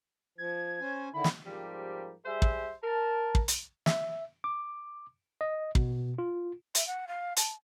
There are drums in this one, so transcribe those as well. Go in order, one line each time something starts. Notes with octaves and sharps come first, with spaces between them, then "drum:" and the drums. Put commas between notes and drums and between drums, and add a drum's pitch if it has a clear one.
F3 G#6
C#4 C5 G#5
D3 D#3 E4 B5
drum: snare
G#2 F3 G3 C4 G4 A#4
G3 G#4 C5 E5
drum: kick
A#4 A5
drum: kick
drum: hi-hat
E5, drum: snare
D6
D#5
B2, drum: kick
F4
E5, drum: hi-hat
F#5
F5
A5, drum: hi-hat